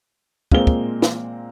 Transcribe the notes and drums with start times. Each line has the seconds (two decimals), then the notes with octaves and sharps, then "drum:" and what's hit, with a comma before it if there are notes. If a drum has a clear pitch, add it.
0.52 A#2 G#3 A#3 C4 G7, drum: kick
0.67 drum: kick
1.02 drum: snare